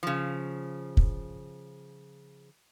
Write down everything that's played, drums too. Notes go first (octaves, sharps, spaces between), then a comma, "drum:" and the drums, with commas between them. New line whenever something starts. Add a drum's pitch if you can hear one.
C#3 F3
drum: kick